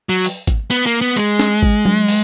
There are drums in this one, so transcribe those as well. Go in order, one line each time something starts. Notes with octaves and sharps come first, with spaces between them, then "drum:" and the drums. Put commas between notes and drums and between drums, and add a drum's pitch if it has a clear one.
F#3
drum: open hi-hat
drum: kick G#1, hi-hat
B3, drum: hi-hat
A#3
B3
G#3, drum: hi-hat
drum: snare
drum: kick G#1
drum: tom F#3
drum: open hi-hat